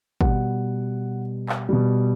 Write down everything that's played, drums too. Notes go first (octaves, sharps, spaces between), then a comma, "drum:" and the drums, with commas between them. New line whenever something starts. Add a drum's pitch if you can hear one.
B2 G3 F#5, drum: kick
drum: clap
B2 G3